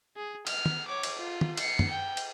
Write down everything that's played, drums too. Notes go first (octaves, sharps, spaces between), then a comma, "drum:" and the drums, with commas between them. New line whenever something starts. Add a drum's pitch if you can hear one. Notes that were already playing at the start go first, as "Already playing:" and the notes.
G#4
F6, drum: cymbal
drum: tom
C#5 D6
drum: cymbal
F4
drum: tom
C7 C#7, drum: cymbal
drum: tom
G5
drum: cymbal